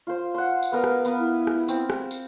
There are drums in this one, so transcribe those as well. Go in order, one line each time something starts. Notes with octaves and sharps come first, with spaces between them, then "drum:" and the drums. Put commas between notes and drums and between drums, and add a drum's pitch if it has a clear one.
F4 C5
F#5 C6
drum: tambourine
B3 A#4 B4 F5
drum: rim click
B3, drum: tambourine
E4
drum: rim click
C4, drum: tambourine
drum: rim click
drum: tambourine